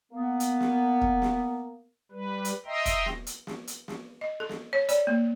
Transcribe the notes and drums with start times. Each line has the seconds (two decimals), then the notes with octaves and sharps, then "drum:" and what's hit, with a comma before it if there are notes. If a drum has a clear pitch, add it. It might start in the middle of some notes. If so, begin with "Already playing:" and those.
0.12 A#3 B3
0.40 drum: hi-hat
0.60 drum: snare
1.01 drum: kick
1.22 drum: snare
2.12 G3 B4
2.45 drum: hi-hat
2.65 D#5 E5 G5 A#5 C6
2.86 drum: kick, hi-hat
3.06 drum: snare
3.27 drum: hi-hat
3.47 drum: snare
3.67 drum: hi-hat
3.88 drum: snare
4.21 D#5
4.40 A4
4.49 drum: snare
4.73 C#5
4.89 D5, drum: hi-hat
5.07 A#3